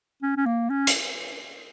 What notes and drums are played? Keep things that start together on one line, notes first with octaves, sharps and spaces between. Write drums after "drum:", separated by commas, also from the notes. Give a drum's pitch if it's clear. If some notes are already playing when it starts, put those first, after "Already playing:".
C#4
C#4
A#3
C#4
drum: hi-hat